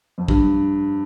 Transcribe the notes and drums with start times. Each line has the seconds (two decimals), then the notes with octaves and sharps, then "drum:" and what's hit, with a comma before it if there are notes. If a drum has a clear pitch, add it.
0.18 F2
0.28 G2, drum: kick